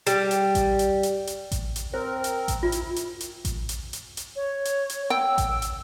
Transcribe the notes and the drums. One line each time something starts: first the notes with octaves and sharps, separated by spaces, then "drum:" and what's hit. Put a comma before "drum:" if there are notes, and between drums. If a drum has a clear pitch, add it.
G3, drum: hi-hat
drum: hi-hat
drum: kick A1, hi-hat
drum: hi-hat
drum: hi-hat
drum: hi-hat
drum: kick A1, hi-hat
drum: hi-hat
C4 A#4 C5
drum: hi-hat
drum: kick A1, hi-hat
E4 F4
drum: hi-hat
drum: hi-hat
drum: hi-hat
drum: kick A1, hi-hat
drum: hi-hat
drum: hi-hat
drum: hi-hat
C#5
drum: hi-hat
drum: hi-hat
G5 E6
drum: kick A1, hi-hat
drum: hi-hat